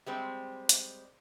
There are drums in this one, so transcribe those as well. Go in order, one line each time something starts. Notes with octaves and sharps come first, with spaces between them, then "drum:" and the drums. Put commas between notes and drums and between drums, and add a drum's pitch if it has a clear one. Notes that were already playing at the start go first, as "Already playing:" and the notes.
G3 G#3 C4
drum: hi-hat